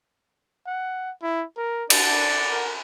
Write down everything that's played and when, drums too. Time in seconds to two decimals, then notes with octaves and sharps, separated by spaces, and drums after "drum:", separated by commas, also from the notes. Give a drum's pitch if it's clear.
0.66 F#5
1.22 E4
1.57 A#4
1.90 D4 D5 F#5, drum: cymbal
2.50 A#4